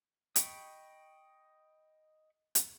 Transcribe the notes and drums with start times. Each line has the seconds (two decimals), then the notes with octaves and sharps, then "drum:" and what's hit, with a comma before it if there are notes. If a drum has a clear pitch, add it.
0.36 D#5 G5 B5 C#6, drum: hi-hat
2.55 drum: hi-hat